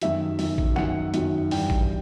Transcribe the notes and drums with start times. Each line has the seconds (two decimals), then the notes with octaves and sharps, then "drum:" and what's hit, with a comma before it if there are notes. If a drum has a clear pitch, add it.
0.01 F#2 D#3 F#3 E5, drum: hi-hat
0.39 F#2 D#3 F#3, drum: open hi-hat
0.58 drum: kick
0.76 F#2 D#3 F#3 F#5, drum: snare
1.14 F#2 D#3 F#3, drum: hi-hat
1.51 G2 E3 G5, drum: open hi-hat
1.70 drum: kick